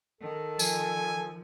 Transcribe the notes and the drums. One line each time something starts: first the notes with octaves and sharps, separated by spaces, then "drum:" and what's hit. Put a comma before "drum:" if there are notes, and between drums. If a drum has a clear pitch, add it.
D#3 A4
F3 G#5, drum: tambourine